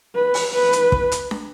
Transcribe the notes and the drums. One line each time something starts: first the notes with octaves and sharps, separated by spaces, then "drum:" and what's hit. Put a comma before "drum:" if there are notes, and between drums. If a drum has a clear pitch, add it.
B4
drum: open hi-hat
B4
drum: hi-hat
drum: kick
drum: hi-hat
drum: snare